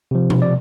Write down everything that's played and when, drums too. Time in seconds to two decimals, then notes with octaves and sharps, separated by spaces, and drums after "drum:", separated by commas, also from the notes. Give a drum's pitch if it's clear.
0.11 C3 F3
0.30 drum: tom B2
0.42 D5